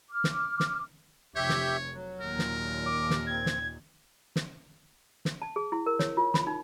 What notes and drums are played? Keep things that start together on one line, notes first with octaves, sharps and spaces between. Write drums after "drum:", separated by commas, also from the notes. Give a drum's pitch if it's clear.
D6 F6
drum: snare
drum: snare
F1 G4 C#5 E5 G6
drum: snare
F#3
D#2 A#2 A#4
drum: snare
D6
drum: snare
C4 G#6
drum: snare
drum: snare
drum: snare
A5
G#4
E4
A#4
C#5, drum: snare
F4
B5, drum: snare
D#4